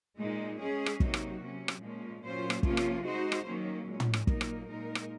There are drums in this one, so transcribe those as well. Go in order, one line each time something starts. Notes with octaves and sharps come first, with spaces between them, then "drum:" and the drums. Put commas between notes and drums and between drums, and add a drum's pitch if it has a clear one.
A#2 G#3 D#4
G#3 C#4 G#4
drum: rim click
C3 F#3 A#3 D#4 F#4, drum: kick
drum: rim click
C3 F#3 C#4
drum: rim click
A#2 F3 G#3 C#4
A#2 F#3 C#4 F4 C5
drum: rim click
C3 F3 A#3 C#4 F4, drum: kick
drum: rim click
G#3 D#4 F#4 C5
drum: rim click
D#3 F#3 A#3 C#4
A#2 G#3 C#4
drum: tom
drum: rim click
A#2 F#3 A#3 D#4 A#4, drum: kick
drum: rim click
A#2 G#3 D#4 A#4
drum: rim click